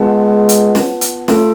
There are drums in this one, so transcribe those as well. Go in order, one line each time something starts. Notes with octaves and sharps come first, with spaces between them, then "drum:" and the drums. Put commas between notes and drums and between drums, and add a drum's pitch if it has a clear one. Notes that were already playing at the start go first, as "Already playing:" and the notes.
Already playing: G#3 B3 F4 B4 F#5 A5
drum: hi-hat
drum: snare
drum: hi-hat
A3 F4 A4, drum: snare